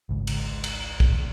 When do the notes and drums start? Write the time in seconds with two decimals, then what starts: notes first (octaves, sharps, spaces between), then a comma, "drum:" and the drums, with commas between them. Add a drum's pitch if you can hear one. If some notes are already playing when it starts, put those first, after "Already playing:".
0.09 G#1 C#2
0.27 drum: cymbal
0.64 drum: cymbal
1.00 drum: kick B1